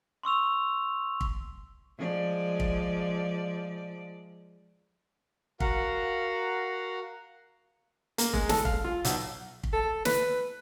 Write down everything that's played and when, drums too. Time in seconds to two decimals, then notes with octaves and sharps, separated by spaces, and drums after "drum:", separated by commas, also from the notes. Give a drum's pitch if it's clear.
0.23 C6 C#6 E6 F7
1.21 drum: kick
1.98 F3 G#3 D5
2.60 drum: kick
5.60 F#4 A#4 F5 F#5, drum: kick
8.18 A#3, drum: hi-hat
8.33 G#3, drum: kick
8.49 A4, drum: snare
8.65 F5, drum: kick
8.84 F4
9.04 B1, drum: hi-hat
9.64 drum: kick
9.73 A4
10.05 B4, drum: snare